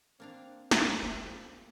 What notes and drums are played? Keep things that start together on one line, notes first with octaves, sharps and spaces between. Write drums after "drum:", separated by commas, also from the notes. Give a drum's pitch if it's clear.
A#3 C4 D4 F5
F2 F4 A#4, drum: snare
C3 G3 B3